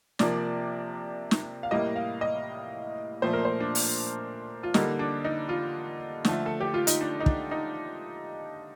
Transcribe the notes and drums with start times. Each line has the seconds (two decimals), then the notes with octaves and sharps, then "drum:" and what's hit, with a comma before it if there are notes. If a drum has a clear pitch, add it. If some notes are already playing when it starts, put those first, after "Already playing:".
0.19 C3 F3 A#3 D5, drum: snare
1.31 drum: snare
1.63 F5
1.71 A2 G3 A#3 D#5
1.96 F5
2.21 D#5
3.22 A#2 F3 A3 C5
3.33 A#4
3.45 C5
3.60 D4
3.75 drum: open hi-hat
4.63 F4
4.74 D3 G3 A#3 D#4, drum: snare
4.99 D4
5.25 D#4
5.49 F4
6.25 D3 F3 A3, drum: snare
6.46 A4
6.61 G4
6.74 F4
6.87 D#4, drum: hi-hat
7.01 D4
7.20 D#4
7.26 D4, drum: kick
7.51 D#4